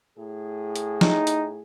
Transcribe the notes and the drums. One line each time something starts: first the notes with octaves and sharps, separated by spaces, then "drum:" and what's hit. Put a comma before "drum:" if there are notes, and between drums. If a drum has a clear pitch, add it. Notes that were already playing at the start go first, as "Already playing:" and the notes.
A2 G#4
drum: hi-hat
D#4, drum: snare
drum: hi-hat